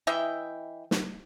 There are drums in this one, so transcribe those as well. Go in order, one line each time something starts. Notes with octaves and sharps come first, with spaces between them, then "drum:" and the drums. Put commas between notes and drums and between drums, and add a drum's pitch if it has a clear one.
E3 D#5 E5 G5
drum: snare